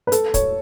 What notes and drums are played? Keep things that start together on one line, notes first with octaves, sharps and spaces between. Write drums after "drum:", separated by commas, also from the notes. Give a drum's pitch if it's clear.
B4
A4, drum: hi-hat
C#5, drum: kick, hi-hat